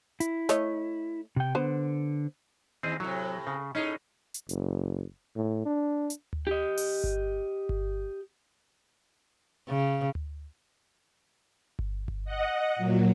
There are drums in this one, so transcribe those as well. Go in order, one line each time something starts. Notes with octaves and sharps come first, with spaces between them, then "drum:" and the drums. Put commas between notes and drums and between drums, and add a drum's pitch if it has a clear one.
E4, drum: hi-hat
A3 C#5 D#5, drum: snare
C3 G5
D3 B3 C5
D#2 C4 G#4
A2 C3 F#3 C#5
C#3
A2 C#4 D#4 G#4 C#5
drum: hi-hat
F#1, drum: hi-hat
A2
D4
drum: hi-hat
drum: tom D2
G4 D#5
drum: open hi-hat
drum: kick G1
drum: kick G1
C#3
drum: tom D2
drum: kick G1
drum: kick G1
D#5 F#5
A#2 F#3